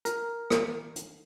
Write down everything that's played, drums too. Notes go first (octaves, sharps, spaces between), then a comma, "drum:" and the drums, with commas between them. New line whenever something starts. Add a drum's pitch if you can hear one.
A#4, drum: hi-hat
drum: rim click
drum: hi-hat